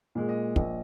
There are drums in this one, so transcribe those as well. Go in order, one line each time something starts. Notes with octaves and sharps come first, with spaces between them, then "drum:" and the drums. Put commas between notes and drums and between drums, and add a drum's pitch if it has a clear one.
A#2 G#3
D#5
A#1, drum: kick